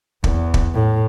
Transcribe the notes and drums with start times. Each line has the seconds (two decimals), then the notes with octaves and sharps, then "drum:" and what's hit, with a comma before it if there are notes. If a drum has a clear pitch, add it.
0.24 E2, drum: kick
0.54 drum: kick
0.74 A2